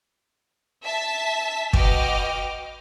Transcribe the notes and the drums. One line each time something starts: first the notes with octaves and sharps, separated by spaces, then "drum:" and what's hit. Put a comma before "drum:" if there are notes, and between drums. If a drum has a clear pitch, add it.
E5 A5 B6
F#4 B4 D#5 G5 D6 F6, drum: kick